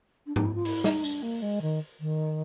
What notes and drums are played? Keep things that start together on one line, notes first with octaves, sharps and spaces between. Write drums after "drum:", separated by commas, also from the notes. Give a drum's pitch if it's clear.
D4
D#4, drum: tom G#2
E4
F4
E4, drum: open hi-hat
D#4, drum: snare
D4, drum: tambourine
A#3
G#3
D#3
D#3